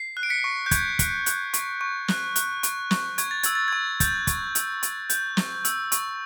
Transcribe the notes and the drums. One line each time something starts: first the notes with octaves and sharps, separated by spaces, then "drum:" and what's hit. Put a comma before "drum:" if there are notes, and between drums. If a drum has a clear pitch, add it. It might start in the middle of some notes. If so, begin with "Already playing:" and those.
Already playing: C7
F#6
D7
B6 C#7
C#6
G6
C#6 G#6, drum: kick, hi-hat
F#6, drum: kick, hi-hat
F#6, drum: hi-hat
C#6, drum: hi-hat
C#6
F#6, drum: snare
F#6, drum: hi-hat
C#6, drum: hi-hat
C#6, drum: snare
C#6 G#6, drum: hi-hat
A6
E6 G#6, drum: hi-hat
A6
C#6 G#6
G6 A6, drum: kick, hi-hat
C#6, drum: kick, hi-hat
E6, drum: hi-hat
C#6, drum: hi-hat
G6, drum: hi-hat
C#6, drum: snare
E6, drum: hi-hat
C#6, drum: hi-hat